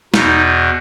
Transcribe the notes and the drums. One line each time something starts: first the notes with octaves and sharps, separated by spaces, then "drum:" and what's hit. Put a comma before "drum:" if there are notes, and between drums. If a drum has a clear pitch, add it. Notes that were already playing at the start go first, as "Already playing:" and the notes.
E2 B2 D#4, drum: snare